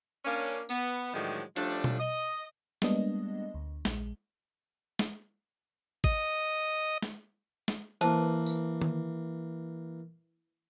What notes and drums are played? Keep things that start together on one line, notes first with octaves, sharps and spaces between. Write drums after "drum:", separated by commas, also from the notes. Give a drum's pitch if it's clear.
A#3 C#4 D4
B3, drum: tambourine
A2 D3 D#3 F3 F#3 G#3
F3 G3 A3 C#4 D4, drum: hi-hat
drum: tom B2
D#5
G3 G#3 A#3 B3 D4 D#5, drum: snare
D2
A#1 G#3, drum: snare
drum: snare
D#5, drum: kick
drum: snare
drum: snare
E3 A#3 B4 C5 A5, drum: hi-hat
drum: tambourine
drum: tom D#3